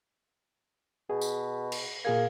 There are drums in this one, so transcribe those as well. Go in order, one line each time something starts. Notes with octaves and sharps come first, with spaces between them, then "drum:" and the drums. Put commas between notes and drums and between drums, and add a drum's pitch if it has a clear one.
B2 G#4
drum: tambourine
drum: cymbal
A#2 A#3 G#4 G#6